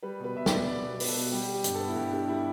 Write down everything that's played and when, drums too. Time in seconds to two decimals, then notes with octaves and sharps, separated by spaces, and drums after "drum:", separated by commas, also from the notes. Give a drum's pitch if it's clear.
0.03 G3 B4
0.20 B2 B4
0.36 B2 E5
0.46 D5, drum: snare
0.52 B3
0.67 B3 D5
0.83 B2
1.00 B2 B4, drum: open hi-hat
1.08 A4
1.16 B2 B4
1.32 G3 G4
1.48 G3
1.54 G4
1.64 G2, drum: hi-hat
1.75 A4
1.80 B3
1.88 E4
1.96 G2 G4
2.12 D4 G4
2.28 G3 E4